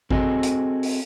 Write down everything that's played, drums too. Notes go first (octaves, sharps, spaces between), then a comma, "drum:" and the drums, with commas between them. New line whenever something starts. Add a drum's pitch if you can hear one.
C4 F#4 G#4 A4 D#5, drum: kick G#1
drum: hi-hat
drum: open hi-hat